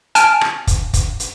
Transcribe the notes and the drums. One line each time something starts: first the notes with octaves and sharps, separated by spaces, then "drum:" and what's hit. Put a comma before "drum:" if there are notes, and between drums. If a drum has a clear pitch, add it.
G#5 A5 F6 D7, drum: hi-hat
drum: rim click
drum: kick, hi-hat
drum: kick, hi-hat
drum: hi-hat